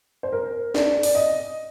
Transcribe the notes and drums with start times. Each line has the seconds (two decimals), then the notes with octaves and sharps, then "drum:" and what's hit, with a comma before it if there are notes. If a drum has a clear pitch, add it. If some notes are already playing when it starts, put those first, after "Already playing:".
0.23 C5
0.32 A#4
0.75 D5, drum: snare
1.03 D5, drum: open hi-hat
1.15 D#5